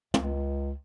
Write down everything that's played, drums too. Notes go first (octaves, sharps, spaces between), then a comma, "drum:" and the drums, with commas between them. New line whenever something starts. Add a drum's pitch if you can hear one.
C#2, drum: tom